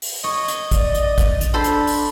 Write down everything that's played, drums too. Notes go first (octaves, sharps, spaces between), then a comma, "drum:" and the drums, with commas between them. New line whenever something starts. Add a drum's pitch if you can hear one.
drum: open hi-hat
C#5 D#5
drum: hi-hat
D5, drum: kick, hi-hat
drum: hi-hat
drum: kick, hi-hat
drum: hi-hat
D4 A4 C5 A5 B5
drum: hi-hat
drum: open hi-hat